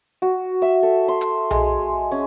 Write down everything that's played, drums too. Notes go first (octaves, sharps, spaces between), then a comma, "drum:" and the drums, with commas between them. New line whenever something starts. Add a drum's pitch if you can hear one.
F#4
E5
A4
C6
drum: hi-hat
G#3, drum: tom B1
C#4